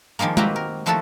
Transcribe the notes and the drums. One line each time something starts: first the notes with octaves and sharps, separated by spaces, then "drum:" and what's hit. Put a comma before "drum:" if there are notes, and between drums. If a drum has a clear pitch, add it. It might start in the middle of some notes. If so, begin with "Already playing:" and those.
D#3 F3 G3 G#3 A#3
A#3 C4 F#4 G4 B4 A#5, drum: tom G#3
A#4
D#3 F3 A3 E4 F#4 A4